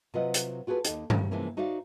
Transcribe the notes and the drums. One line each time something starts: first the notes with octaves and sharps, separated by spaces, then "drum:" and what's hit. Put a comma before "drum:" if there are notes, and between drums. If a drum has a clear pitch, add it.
C3 F#3 F4 B4 D#5 F#5
drum: hi-hat
F4 F#4 G#4 A4 B4
D#2 D#4, drum: hi-hat
C#3 G3, drum: tom G2
C3 E3 F3 G#3 A#3 C#4
D#4 F#4 C5 D5 E5 F5